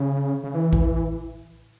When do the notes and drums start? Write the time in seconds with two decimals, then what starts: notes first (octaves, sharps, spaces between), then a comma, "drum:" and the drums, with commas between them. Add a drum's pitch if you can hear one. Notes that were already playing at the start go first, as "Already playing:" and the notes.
Already playing: C#3
0.44 C#3
0.55 E3
0.73 drum: kick A1